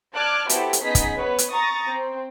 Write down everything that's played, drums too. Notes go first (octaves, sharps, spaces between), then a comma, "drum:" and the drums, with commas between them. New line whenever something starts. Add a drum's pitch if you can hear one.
D5 A5 D6 F6 F#6 G#6
B3 E4 F#4 G4 A4 C5, drum: hi-hat
drum: hi-hat
B3 C#4 D#4 G#4 D#5 B6
drum: kick, hi-hat
B3 B4 C#5
drum: hi-hat
A#5 C#6 D#6 A6 A#6
C4